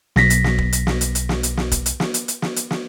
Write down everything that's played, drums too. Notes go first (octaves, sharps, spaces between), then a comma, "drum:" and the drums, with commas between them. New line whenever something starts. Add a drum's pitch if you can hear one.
B1 A#6 B6, drum: snare
drum: hi-hat
drum: snare
drum: kick
drum: hi-hat
drum: snare
drum: hi-hat
drum: hi-hat
drum: snare
drum: hi-hat
drum: snare
drum: kick, hi-hat
drum: hi-hat
drum: snare
drum: hi-hat
drum: hi-hat
drum: snare
drum: hi-hat
drum: snare